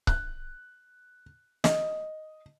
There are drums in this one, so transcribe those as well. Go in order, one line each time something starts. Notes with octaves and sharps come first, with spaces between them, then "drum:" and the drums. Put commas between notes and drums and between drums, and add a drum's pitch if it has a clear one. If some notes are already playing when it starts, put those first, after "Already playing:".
F#6, drum: kick C#1
D#5, drum: snare